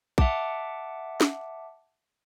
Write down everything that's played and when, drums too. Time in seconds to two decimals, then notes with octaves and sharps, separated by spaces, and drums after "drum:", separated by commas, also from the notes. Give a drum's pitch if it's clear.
0.18 E5 F#5 A5 D6, drum: kick
1.21 drum: snare